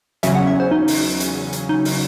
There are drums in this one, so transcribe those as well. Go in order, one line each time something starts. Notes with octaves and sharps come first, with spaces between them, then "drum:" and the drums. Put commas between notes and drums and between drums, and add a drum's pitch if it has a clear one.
E2 C#3 F#3 C#4 E5, drum: hi-hat
F#5
E5
C5
D#4
drum: open hi-hat
drum: hi-hat
drum: hi-hat
D#4
drum: open hi-hat